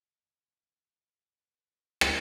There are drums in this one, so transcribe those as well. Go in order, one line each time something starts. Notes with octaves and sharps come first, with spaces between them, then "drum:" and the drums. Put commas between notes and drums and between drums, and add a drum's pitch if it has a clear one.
E2 G#2 D#3 E3 E5
B4
drum: rim click